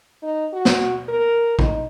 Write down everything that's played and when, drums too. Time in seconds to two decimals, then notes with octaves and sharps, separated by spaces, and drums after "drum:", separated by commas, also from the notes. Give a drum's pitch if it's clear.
0.23 D#4
0.53 F#4
0.65 drum: snare
1.09 A#4
1.59 D#4, drum: kick